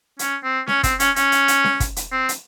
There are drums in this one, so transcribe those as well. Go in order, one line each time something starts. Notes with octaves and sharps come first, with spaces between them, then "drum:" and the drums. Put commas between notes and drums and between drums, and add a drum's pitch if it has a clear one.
C#4, drum: hi-hat
C4
C#4, drum: snare C#4
C4, drum: kick, hi-hat
C#4, drum: hi-hat
C#4, drum: hi-hat
drum: hi-hat
drum: hi-hat
drum: snare C#4
drum: kick, hi-hat
drum: hi-hat
C4
drum: hi-hat